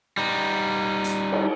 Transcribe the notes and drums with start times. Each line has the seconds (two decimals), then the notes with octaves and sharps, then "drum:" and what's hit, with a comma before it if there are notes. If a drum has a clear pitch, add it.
0.17 G3 D#4
1.04 drum: hi-hat
1.32 drum: cymbal